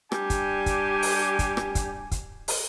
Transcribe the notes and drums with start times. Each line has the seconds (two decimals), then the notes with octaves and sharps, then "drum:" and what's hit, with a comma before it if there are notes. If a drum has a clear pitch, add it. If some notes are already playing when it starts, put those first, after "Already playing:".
0.12 G3 D4 G4 G#5, drum: rim click
0.30 drum: kick, hi-hat
0.66 drum: kick, hi-hat
1.02 drum: open hi-hat
1.39 drum: kick, hi-hat
1.57 drum: rim click
1.75 drum: kick, hi-hat
2.11 drum: kick, hi-hat
2.48 drum: open hi-hat